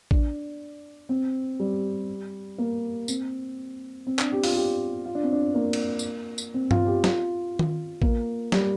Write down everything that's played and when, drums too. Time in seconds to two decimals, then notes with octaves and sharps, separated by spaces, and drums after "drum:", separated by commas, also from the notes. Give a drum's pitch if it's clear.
0.11 D4, drum: kick A1
1.09 C4
1.60 G3
2.58 A#3
3.08 C4, drum: tambourine
4.07 C4
4.19 D4, drum: clap
4.32 G4
4.43 F4, drum: open hi-hat
4.55 G4
5.05 F4
5.15 D4
5.23 C4
5.33 D4
5.54 A#3
5.73 drum: cymbal
5.99 drum: tambourine
6.38 drum: tambourine
6.54 C4
6.71 F4, drum: tom G2
6.86 G4
7.04 F4, drum: snare
7.59 drum: tom D#3
8.02 A#3, drum: kick A1
8.52 G3, drum: snare